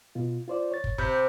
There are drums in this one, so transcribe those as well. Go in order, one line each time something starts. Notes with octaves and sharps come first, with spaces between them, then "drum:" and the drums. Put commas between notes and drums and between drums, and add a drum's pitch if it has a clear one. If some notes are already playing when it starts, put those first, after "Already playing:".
B2 F4
F4 C5 D5
C#5 A6
drum: kick
C3 B5 G6, drum: kick